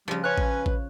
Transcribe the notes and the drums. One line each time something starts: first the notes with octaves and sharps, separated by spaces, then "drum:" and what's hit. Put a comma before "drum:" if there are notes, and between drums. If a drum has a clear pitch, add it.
C#3 F3 G3
C#4 B4 C#5 G#5 F#6
drum: kick A1
drum: kick A1